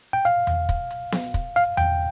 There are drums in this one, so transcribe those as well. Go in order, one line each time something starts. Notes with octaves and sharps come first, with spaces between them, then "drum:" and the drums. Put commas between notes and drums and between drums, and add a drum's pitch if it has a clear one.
G5
F5, drum: hi-hat
drum: tom E2
drum: kick, hi-hat
drum: hi-hat
drum: snare B3
drum: kick, hi-hat
F5, drum: hi-hat
G5, drum: tom E2